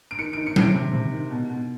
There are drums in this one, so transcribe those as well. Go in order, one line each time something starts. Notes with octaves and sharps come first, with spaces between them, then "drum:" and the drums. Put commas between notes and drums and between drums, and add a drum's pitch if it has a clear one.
D7
D#3 C#7
D#3 D7
C#7
C3 D7, drum: tom F#3
C3
C3
D#3
B2
B2